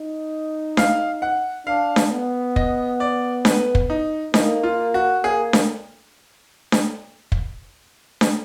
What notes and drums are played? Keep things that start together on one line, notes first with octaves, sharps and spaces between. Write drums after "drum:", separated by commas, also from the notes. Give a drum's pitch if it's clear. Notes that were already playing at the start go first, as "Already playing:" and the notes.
Already playing: D#4
F5, drum: snare D4
F#5
D4 F5
drum: snare D4
B3
D#5, drum: kick
D5
B4, drum: snare D4
drum: kick
D#4
A#3 D#4, drum: snare D4
F4
F#4
A#3 G#4
drum: snare D4
drum: snare D4
drum: kick
drum: snare D4